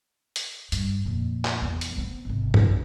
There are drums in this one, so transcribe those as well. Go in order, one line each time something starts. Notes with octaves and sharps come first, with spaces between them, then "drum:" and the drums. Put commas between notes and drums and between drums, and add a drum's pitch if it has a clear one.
drum: hi-hat
G2, drum: hi-hat
F2 A#2
drum: clap
E2
drum: hi-hat
B3 C4
G#1 C3
drum: tom F#2
B1